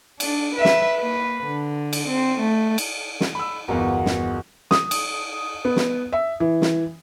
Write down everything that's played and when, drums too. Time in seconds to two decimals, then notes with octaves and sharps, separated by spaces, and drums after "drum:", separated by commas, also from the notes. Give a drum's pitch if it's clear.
0.20 D4, drum: cymbal
0.55 B4 E5
0.65 drum: snare
0.99 A#3 B4
1.45 D3
1.93 drum: cymbal
2.09 C4
2.40 A3
2.78 drum: cymbal
3.21 drum: snare
3.35 B5 E6
3.68 G1 E2 G#3 A#3 F#4
4.06 drum: snare
4.71 D#6, drum: snare
4.91 drum: cymbal
5.65 B3
5.76 drum: snare
6.13 E5
6.40 E3
6.62 drum: snare